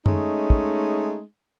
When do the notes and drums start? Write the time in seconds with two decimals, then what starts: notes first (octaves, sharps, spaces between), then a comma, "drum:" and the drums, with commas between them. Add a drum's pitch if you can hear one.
0.06 G#3 A3 C#4 D#4, drum: tom F#2
0.50 drum: kick